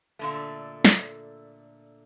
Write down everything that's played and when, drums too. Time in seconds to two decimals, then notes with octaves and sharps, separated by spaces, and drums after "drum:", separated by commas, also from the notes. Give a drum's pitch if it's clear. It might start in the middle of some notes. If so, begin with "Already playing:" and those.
0.19 A#2 D3 A3
0.85 drum: snare